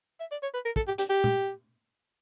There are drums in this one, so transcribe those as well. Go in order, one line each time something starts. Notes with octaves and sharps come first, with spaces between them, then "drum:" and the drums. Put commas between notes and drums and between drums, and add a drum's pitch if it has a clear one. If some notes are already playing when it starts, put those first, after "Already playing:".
E5
D5
C#5
B4
A#4
A4, drum: kick
G4
G4, drum: hi-hat
G4
drum: tom